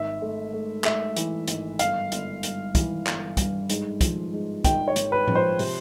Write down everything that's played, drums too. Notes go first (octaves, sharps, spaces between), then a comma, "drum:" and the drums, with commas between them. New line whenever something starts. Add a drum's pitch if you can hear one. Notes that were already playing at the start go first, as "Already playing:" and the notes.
Already playing: G#1 E5
A3
A3
A3 E5, drum: clap
E3, drum: hi-hat
G#1, drum: hi-hat
G1 F5, drum: hi-hat
G1, drum: hi-hat
G1, drum: hi-hat
E3, drum: kick, hi-hat
G1, drum: clap
G2, drum: kick, hi-hat
G#2, drum: hi-hat
F3, drum: kick, hi-hat
G#2
G#1 G5, drum: kick, hi-hat
C#5
G#1, drum: hi-hat
B4
F3, drum: tom A2
C5
C3, drum: open hi-hat